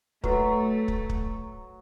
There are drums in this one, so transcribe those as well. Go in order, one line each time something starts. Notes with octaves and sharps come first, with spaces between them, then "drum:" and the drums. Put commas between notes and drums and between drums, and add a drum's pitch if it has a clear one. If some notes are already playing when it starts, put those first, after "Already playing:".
F#3 A3 F#4 B4, drum: kick
drum: kick
drum: kick